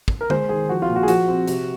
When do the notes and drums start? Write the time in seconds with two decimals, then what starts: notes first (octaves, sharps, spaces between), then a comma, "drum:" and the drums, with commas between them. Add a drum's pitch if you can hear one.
0.08 drum: kick
0.21 A#4
0.30 G#3 C5, drum: tom D3
0.49 D#3 G#4
0.69 F3 F#4
0.82 F4
0.89 A#2
0.96 F#4
1.03 G#4
1.08 F3 F#4, drum: hi-hat
1.28 C4
1.48 C3, drum: hi-hat